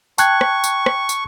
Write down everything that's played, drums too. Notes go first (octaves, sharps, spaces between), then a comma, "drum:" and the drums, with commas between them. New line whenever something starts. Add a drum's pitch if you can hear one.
G5 A5 C#6 F#6 G#6, drum: tambourine
drum: rim click
drum: tambourine
drum: rim click
drum: tambourine